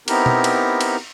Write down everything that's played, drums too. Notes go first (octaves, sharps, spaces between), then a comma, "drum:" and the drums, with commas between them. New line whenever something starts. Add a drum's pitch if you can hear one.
B3 C4 D#4 E4 G4 A#4, drum: cymbal
drum: tom B2
drum: cymbal
drum: cymbal